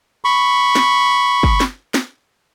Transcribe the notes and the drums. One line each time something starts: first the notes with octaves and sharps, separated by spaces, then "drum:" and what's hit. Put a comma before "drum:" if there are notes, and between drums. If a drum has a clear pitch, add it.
B5 C#6
drum: snare
drum: kick
drum: snare
drum: snare